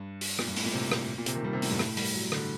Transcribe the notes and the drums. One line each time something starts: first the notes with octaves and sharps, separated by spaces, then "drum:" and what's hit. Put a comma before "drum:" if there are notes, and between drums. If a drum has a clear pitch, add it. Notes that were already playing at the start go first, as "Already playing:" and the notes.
Already playing: G2
drum: open hi-hat
A#2, drum: rim click
G2
A2, drum: open hi-hat
A#2
C3
drum: rim click
A#2
C3, drum: hi-hat
D#3
G3
C3
A2, drum: open hi-hat
G2
A2, drum: rim click
G3, drum: open hi-hat
F#3
D3, drum: rim click